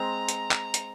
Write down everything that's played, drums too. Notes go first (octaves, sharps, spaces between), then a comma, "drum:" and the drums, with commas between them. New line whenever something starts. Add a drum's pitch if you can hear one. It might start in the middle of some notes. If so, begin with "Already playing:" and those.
Already playing: G#3 C4 A#5
drum: hi-hat
drum: clap
drum: hi-hat